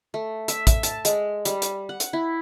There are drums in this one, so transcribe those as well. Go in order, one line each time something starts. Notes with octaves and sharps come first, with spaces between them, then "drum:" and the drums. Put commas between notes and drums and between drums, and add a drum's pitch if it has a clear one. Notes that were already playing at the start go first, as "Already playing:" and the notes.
A3
E5, drum: hi-hat
E5, drum: kick, hi-hat
A5, drum: hi-hat
G#3, drum: hi-hat
G3, drum: hi-hat
drum: hi-hat
F#5
drum: hi-hat
E4